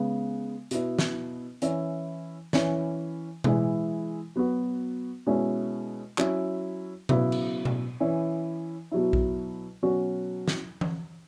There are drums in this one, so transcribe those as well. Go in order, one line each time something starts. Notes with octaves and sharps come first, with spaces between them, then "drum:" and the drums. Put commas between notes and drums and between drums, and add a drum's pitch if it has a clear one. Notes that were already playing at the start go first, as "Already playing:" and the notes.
Already playing: C#3 G#3 B3
B2 B3 E4, drum: hi-hat
drum: snare
E3 C#4 E4, drum: hi-hat
E3 C#4 E4, drum: snare
E3 G#3 E4, drum: tom B2
F#3 B3 F#4
B2 G#3 C#4 E4
F#3 C#4 E4, drum: clap
C#3 F#3 B3 E4, drum: tom B2
drum: cymbal
drum: tom B2
E3 C#4 E4
B2 F#3 E4
drum: kick A#1
B2 F#3 C#4 F#4
drum: snare
drum: tom E3